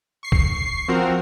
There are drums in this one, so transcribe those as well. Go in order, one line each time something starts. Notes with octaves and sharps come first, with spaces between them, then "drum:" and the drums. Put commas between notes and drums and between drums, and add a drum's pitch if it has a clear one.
C#6 C7
drum: kick
F3 C4 F#4 A#4